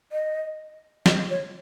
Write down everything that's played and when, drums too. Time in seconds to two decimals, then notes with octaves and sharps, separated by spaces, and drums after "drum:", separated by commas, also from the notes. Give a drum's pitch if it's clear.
0.12 D#5
1.06 D#5, drum: snare
1.30 C#5